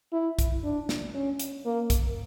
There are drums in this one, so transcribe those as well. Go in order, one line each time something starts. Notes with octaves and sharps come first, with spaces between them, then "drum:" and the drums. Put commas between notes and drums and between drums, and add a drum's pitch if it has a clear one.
E4
drum: kick, hi-hat
D4
drum: snare
C#4
drum: hi-hat
A#3
drum: kick, hi-hat